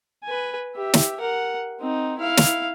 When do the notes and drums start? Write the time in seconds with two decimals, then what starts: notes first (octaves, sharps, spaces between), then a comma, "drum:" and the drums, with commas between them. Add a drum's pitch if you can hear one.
0.24 B4 G#5
0.76 G4 E5
0.94 drum: snare
1.20 A#4 F#5
1.79 C4 D#4
2.18 E4 F5
2.37 drum: snare